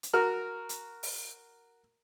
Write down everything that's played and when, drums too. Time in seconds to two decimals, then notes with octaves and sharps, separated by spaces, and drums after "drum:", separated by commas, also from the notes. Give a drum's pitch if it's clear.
0.03 drum: hi-hat
0.13 F#4 A#4 F6
0.69 drum: hi-hat
1.03 drum: open hi-hat